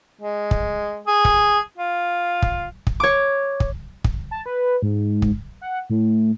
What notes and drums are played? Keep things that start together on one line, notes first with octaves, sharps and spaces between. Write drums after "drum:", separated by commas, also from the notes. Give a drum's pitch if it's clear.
G#3
drum: kick
G#4
drum: kick
F4
drum: kick
drum: kick
C#5 D6
drum: kick
drum: kick
A5
B4
G#2
drum: kick
F#5
A2